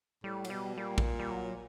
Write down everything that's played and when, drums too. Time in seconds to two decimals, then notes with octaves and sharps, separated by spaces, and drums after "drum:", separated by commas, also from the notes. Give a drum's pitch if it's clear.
0.24 A2 G3
0.45 F#3, drum: cymbal
0.50 B2 G3
0.78 A#2 G3
0.98 drum: kick
1.19 G3
1.31 F#3